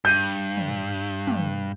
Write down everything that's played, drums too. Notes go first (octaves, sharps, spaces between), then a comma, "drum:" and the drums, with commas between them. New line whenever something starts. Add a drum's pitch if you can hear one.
G2 G6 D#7
drum: cymbal
drum: tom
drum: cymbal
drum: tom